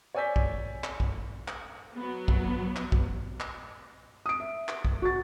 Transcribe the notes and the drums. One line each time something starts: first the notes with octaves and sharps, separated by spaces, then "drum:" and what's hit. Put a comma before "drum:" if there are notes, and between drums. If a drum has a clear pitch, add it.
C#5 D5 G#5 E6 G6 B6
drum: kick
drum: clap
drum: kick
drum: clap
F#3 B3
drum: kick
drum: clap
drum: kick
drum: clap
D#6 D7
E5
drum: clap
drum: kick
F#4 A6